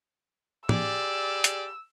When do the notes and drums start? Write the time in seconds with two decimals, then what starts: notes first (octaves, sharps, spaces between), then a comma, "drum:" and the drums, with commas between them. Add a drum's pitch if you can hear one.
0.69 G4 G#4 D5 E6, drum: tom
1.44 drum: hi-hat